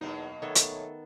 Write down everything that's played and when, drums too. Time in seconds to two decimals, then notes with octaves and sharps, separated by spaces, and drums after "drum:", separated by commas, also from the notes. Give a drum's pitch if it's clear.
0.01 E2 B2 F#3 A#3 D#4
0.42 D#3 A3 B3 A4 C#5
0.55 drum: hi-hat